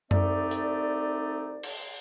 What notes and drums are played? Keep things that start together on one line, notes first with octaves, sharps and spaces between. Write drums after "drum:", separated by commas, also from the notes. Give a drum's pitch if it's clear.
C2 A3 C4 D#4 D5, drum: tom F#2
drum: hi-hat
drum: cymbal